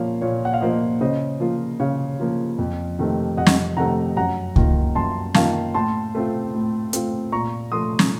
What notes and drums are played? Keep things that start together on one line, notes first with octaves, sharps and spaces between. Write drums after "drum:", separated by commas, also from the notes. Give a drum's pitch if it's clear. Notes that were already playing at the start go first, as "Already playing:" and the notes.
Already playing: A#2 F3 A#3 F4 C#5 F5
A#2 C#5
F#5
F5
F3 A#3 F4 C5 D#5
C#3 C5 D#5
F3 A#3 F4
C#3 C#5 F5
F3 A#3 F4
F2
C3 D#3 A3 C4
F2 D#5 F#5
drum: snare
C3 D#3 A3 C4 F#5 A#5
F#2 F#5 A#5
D#3 A#3 F4, drum: kick C#2
F#2 A5 C6
D#3 A#3 F4 F5 A5, drum: snare
A2 A5 C6
A3 C4 F4
A2
A3 C4 F4, drum: hi-hat
A#2 A#5 C#6
F3 A3 C6 D#6
drum: snare